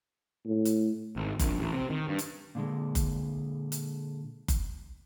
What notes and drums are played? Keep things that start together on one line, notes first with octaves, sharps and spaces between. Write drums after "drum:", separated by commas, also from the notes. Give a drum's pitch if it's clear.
A2
drum: hi-hat
G#1
A#1, drum: kick F#1, hi-hat
A1
C3
D#3
G2
drum: hi-hat
A#2 D3 G#3
drum: kick F#1, hi-hat
drum: hi-hat
drum: kick F#1, hi-hat